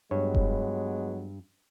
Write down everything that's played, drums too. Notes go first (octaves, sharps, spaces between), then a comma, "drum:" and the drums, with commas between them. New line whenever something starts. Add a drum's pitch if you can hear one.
G2 F#3 G#3 B3 C#5
drum: kick F1